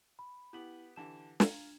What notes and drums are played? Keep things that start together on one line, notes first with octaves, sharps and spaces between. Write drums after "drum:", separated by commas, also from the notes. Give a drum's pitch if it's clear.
B5
B3 E4 G4 F#7
D3 E3 G4 A5 E7
D4 F4 A#5 G#6, drum: snare